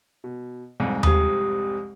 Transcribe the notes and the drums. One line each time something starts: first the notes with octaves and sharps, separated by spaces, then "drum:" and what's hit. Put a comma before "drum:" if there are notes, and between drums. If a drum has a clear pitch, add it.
B2
C2 F2 G#2
G4 D#6, drum: tom D#2